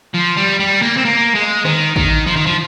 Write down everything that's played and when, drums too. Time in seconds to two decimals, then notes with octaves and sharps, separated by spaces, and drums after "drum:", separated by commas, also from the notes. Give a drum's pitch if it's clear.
0.14 F3
0.37 G3
0.60 G3
0.82 A#3
0.97 C4
1.05 A#3
1.35 G#3
1.65 D#3, drum: rim click
1.96 D#3, drum: kick A1
2.26 F3
2.36 D#3
2.46 F3